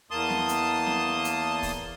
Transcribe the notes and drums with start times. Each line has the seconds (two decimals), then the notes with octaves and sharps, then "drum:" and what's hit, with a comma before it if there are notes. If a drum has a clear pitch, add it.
0.11 E2 A#3 A5 C6 D#6
0.30 drum: snare
0.49 drum: hi-hat
0.87 drum: snare
1.25 drum: hi-hat
1.62 drum: kick, open hi-hat